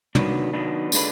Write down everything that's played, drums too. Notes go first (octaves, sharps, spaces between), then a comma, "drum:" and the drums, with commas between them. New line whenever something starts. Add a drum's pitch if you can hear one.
D#3 F#3 B3 D4, drum: tom
D#3 F#3 B3 D4
D3 G#3 D4 F4 B4, drum: tambourine